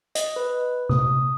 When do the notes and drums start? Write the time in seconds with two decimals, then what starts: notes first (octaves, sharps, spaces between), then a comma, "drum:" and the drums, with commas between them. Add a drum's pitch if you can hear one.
0.15 D#5, drum: hi-hat
0.36 B4
0.89 D#6, drum: tom C3